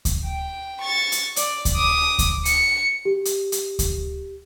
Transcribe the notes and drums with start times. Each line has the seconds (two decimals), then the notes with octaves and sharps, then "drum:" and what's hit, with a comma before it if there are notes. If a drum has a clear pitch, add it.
0.05 drum: kick D2, hi-hat
0.24 G5
0.81 C#6 A6
1.12 drum: hi-hat
1.36 D5, drum: hi-hat
1.65 drum: kick D2, hi-hat
1.75 D6 D#6
2.19 drum: kick D2, hi-hat
2.45 C#7, drum: hi-hat
3.05 G4
3.25 drum: hi-hat
3.52 drum: hi-hat
3.79 drum: kick D2, hi-hat